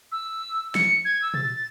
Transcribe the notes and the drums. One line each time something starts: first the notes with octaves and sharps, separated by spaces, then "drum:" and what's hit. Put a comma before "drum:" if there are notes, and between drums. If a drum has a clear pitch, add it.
E6
C#7, drum: snare
G#6
E6
A6, drum: tom